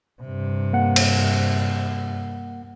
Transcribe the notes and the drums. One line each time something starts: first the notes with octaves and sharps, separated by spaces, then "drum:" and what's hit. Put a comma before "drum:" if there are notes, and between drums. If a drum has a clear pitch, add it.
G2 C3
A#3 F#5
drum: cymbal